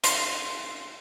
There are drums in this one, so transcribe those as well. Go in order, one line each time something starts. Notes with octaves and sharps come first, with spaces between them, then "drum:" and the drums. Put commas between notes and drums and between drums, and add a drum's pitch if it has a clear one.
C6, drum: hi-hat